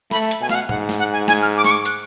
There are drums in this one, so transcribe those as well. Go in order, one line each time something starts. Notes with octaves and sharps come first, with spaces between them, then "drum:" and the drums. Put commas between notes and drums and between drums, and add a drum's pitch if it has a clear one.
A3 B5, drum: snare
drum: hi-hat
B2 G#5
F5, drum: snare
F#5
G#2 F#5, drum: tom G#2
drum: snare
F#5
G#5
G#5, drum: snare
F6
D6
C#6, drum: snare
D6
F#6, drum: hi-hat